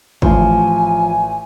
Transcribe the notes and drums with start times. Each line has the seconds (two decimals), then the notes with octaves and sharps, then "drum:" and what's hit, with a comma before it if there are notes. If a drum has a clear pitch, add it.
0.22 A1 F3 G#5, drum: kick